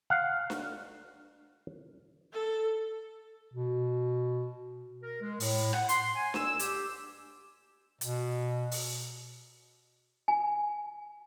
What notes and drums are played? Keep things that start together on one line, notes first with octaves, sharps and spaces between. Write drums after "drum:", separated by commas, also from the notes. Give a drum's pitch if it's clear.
F5 F#5
drum: snare D4
A4
B2
A#4
G#3
A2, drum: open hi-hat
F#5, drum: rim click
C6, drum: hi-hat
G#5
E6, drum: snare D4
G4, drum: hi-hat
B2, drum: hi-hat
drum: open hi-hat
G#5